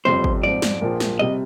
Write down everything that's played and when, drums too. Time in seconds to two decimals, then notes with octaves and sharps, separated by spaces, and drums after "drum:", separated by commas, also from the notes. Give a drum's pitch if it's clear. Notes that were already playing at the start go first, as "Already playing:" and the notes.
0.05 G1 F2 C3 G3 C5
0.24 drum: kick
0.43 G#2 F3 C4 D5
0.62 drum: snare
0.81 A#1 A#2 F3 A#3
1.00 drum: snare
1.19 C3 G3 D#5